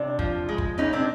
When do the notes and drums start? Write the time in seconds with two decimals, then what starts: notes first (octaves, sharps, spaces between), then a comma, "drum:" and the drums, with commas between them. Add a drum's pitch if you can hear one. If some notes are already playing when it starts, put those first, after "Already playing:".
Already playing: C3 D4
0.19 F3, drum: kick
0.49 G#3
0.58 drum: kick
0.78 A#2 C#4 D#4
0.93 C4 D4